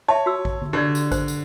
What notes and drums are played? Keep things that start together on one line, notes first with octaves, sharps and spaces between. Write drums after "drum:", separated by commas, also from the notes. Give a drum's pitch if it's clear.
C#5 E5 A5
F#4 E6
drum: kick A1
drum: tom D3
D3 G4 C#5 D5
drum: tambourine
C5, drum: kick A1, tambourine
drum: tambourine